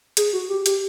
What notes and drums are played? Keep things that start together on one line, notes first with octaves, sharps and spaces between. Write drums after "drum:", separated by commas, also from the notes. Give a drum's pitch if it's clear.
G#4, drum: hi-hat
F#4
G4
G4, drum: hi-hat